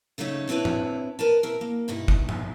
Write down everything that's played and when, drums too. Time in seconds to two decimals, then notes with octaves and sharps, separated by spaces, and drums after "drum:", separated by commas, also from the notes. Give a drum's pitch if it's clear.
0.18 D2 C#3 F#3 A3 D#4 C#5
0.49 C4 D4 E4 B4 C#5
0.65 drum: tom G#2
1.19 A#4 B4 A5
1.43 B2 E4 A#4
1.61 A#3
1.88 G2 B2 D#4 E4
2.08 drum: kick
2.29 drum: tom G#2